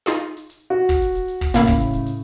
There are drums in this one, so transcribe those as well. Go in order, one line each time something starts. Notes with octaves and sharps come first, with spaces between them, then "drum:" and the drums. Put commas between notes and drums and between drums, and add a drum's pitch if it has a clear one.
D#4 F4 G#4
drum: hi-hat
drum: hi-hat
F#4
drum: kick, open hi-hat
drum: hi-hat
drum: hi-hat
drum: hi-hat
drum: kick, hi-hat
A2 C#3 A#3 E4 F5
drum: kick, open hi-hat
drum: hi-hat
drum: hi-hat
drum: hi-hat